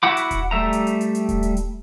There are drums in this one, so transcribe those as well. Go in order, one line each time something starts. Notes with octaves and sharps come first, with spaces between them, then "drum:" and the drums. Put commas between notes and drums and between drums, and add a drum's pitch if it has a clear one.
E4 F#4 F#5 B5 D6
drum: hi-hat
drum: kick D#1, hi-hat
G3 A3 E5 A#5
drum: hi-hat
drum: hi-hat
drum: hi-hat
drum: hi-hat
drum: kick D#1, hi-hat
drum: hi-hat
drum: hi-hat